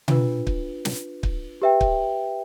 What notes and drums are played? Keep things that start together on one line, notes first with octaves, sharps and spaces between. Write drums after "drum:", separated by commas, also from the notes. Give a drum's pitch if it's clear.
D4 F4 B4, drum: tom B2
drum: kick
drum: snare
drum: kick
G4 B4 E5 G5
drum: kick